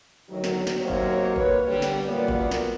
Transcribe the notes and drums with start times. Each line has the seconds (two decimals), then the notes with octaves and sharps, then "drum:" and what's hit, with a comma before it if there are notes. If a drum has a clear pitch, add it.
0.30 D2 D#3 F#3
0.44 drum: snare
0.67 drum: snare
0.81 C3 D#3 F#3 A#3 C5 C#5
0.90 drum: kick G#1
1.36 A#3 B4 C#5, drum: kick G#1
1.67 D3 G3
1.82 drum: snare
2.05 F#2 A#2 A#3 B3 B4 D5
2.28 drum: kick G#1
2.51 drum: snare